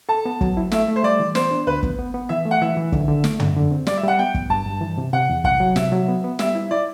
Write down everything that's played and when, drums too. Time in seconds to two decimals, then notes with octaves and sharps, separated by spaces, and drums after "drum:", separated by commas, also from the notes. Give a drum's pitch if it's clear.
0.09 A4 A5
0.25 B3
0.41 F#3, drum: kick
0.57 E4
0.72 A3 E5, drum: snare
0.88 A3
0.96 C5
1.03 G3 D5
1.20 E3
1.35 B3 C5, drum: snare
1.51 D4
1.67 D2 B4
1.83 B3, drum: kick
1.99 B3
2.14 B3
2.29 E3 E5
2.45 A3
2.51 F#5
2.62 E3 E5
2.77 E3
2.92 D3, drum: kick
3.08 D3
3.24 A3, drum: snare
3.40 D3, drum: tom
3.56 D3
3.71 C4
3.87 G3 D5, drum: snare
3.97 E5
4.03 G3 F#5
4.19 B3 G5
4.34 G2, drum: kick
4.50 G2 A5
4.66 G2
4.81 E3
4.98 C3
5.13 C3 F#5
5.29 E2
5.44 C2 F#5, drum: kick
5.60 F#3
5.76 C3 E5, drum: snare
5.92 F#3
6.08 B3
6.24 B3
6.39 G3 E5, drum: snare
6.55 E4
6.71 E4 D5